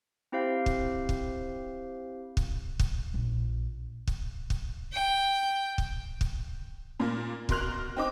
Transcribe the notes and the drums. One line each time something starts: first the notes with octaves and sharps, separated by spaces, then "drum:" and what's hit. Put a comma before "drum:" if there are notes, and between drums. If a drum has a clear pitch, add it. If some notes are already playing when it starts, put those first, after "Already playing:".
C4 E4 G4 C5 F5
drum: kick
drum: kick
drum: kick
drum: kick
A#1
drum: kick
drum: kick
G5
drum: kick
drum: kick
A#2 A#3
B2 A#4 C6 F#6 F7, drum: kick
C4 D#4 D6